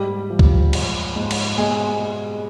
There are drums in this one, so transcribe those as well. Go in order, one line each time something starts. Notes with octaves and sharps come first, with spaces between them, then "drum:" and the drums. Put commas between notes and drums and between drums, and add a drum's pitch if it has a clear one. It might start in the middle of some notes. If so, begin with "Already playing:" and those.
Already playing: G#2 G3 G4
F3
drum: kick C2
G#3, drum: cymbal
G#2
drum: cymbal
B2 G#3 G#4
G#3